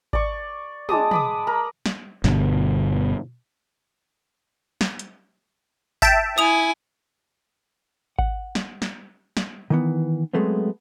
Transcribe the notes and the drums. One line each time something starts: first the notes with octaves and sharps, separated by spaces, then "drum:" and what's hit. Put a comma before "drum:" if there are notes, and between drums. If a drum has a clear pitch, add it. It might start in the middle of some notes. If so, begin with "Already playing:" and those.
D5 C#6, drum: kick G#1
G#3 A5 D6 D#6, drum: tom
B5 D6 D#6, drum: tom
A#4 A#5 B5
drum: snare
G1 G2 B2 D3, drum: snare
drum: snare
drum: hi-hat
E5 G5 A5 G6 A6, drum: kick G#1
E4 G#5 D#6 F7
F#5, drum: kick G#1
drum: snare
drum: snare
drum: snare
D#3 E3 B3
F#3 G#3 A3 B3 C4